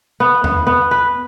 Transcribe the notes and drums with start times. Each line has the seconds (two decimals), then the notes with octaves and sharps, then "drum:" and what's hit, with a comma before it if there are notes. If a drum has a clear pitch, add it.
0.20 B3
0.44 B3, drum: tom E2
0.67 B3
0.91 B4